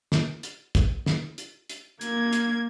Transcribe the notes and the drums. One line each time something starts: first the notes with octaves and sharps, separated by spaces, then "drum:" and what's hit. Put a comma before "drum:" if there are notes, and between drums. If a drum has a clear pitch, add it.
drum: snare
drum: hi-hat
drum: kick, hi-hat
drum: snare
drum: hi-hat
drum: hi-hat
A#3 G#6, drum: hi-hat
drum: hi-hat